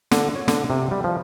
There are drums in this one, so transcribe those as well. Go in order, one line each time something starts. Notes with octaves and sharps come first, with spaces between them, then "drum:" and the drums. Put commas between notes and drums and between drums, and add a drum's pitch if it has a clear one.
D3, drum: snare
C#5
D3, drum: snare
C3
G3
F3